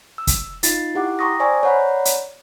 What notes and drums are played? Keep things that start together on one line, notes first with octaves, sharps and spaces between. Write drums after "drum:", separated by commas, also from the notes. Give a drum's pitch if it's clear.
E6
drum: kick, hi-hat
D#4 F4 A6 C7, drum: hi-hat
E4 G4 F#5 D6
G5 A#5 C6 C#6 D#6 A#6
C5 D5 G#5 A#5 C#6 E6
C#5 D5 F#5 A#5 B5
drum: hi-hat